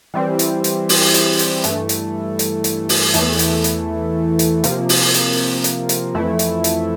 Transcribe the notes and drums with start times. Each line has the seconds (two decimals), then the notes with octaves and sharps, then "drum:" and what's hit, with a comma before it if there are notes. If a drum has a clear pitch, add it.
0.14 E3 G3 C4
0.39 drum: hi-hat
0.64 drum: hi-hat
0.89 drum: open hi-hat
1.14 drum: hi-hat
1.39 drum: hi-hat
1.64 G2 E3 A3, drum: hi-hat
1.89 drum: hi-hat
2.39 drum: hi-hat
2.64 drum: hi-hat
2.89 drum: open hi-hat
3.14 E2 E3 A3, drum: hi-hat
3.39 drum: hi-hat
3.64 drum: hi-hat
4.39 drum: hi-hat
4.64 C3 F3 A#3, drum: hi-hat
4.89 drum: open hi-hat
5.14 drum: hi-hat
5.64 drum: hi-hat
5.89 drum: hi-hat
6.15 F2 E3 A3 E4
6.39 drum: hi-hat
6.64 drum: hi-hat